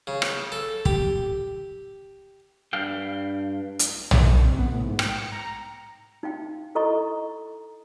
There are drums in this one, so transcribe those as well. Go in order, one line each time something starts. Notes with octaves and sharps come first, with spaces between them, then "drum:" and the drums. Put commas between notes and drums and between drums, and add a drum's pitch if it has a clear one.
C#3
drum: rim click
A4
G4, drum: kick
G2 F5 G5
drum: hi-hat
drum: tom
C3
B3
A2
G#2
G5, drum: rim click
C#7
A#5
D#4 F5 G5
E4 A4 D#5 A#5 C#6